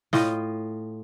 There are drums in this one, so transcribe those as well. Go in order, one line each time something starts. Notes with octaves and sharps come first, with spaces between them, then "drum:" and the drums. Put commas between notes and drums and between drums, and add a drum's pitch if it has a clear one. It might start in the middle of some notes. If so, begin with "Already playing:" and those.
A2 F4 D#5 G5, drum: snare